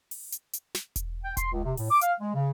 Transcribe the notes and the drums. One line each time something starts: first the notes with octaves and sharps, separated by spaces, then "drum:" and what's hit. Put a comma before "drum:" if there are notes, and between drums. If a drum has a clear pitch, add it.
drum: open hi-hat
drum: hi-hat
drum: hi-hat
drum: snare
drum: kick E1, hi-hat
G5
C6, drum: kick E1, hi-hat
C#2
C3
A2, drum: open hi-hat
D6
F5, drum: hi-hat
G#3
C#3